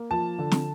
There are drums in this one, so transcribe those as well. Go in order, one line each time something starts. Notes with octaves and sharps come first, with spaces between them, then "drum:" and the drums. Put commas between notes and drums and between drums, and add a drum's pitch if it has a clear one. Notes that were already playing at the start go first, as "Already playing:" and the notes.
Already playing: A#3
F3 A5
D3
drum: snare